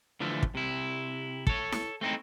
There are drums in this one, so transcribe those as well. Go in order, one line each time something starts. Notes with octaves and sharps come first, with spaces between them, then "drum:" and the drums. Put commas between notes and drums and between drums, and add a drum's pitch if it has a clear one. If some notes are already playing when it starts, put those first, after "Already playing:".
D3 E3 F3 A3
drum: kick
C3 E4
A4 C#5, drum: kick
drum: snare E4
A3 C4 D#4 E4